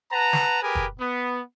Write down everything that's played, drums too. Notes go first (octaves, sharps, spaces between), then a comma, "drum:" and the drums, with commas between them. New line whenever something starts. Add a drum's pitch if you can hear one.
B4 F#5 A5 A#5
drum: snare
G4 G#4 A#4 B4 G#5
drum: kick
B3